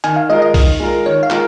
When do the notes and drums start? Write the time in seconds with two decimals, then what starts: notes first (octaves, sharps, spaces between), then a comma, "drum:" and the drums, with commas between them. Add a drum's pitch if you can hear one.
0.04 D#3 G#5, drum: hi-hat
0.16 F5
0.29 G#3 F4 A#4 D#5
0.42 D#5
0.54 D#3, drum: kick B1, open hi-hat
0.80 G#3 F4 A#4
1.06 D#3 C#5
1.23 F5
1.30 G#3 F4 A#4, drum: clap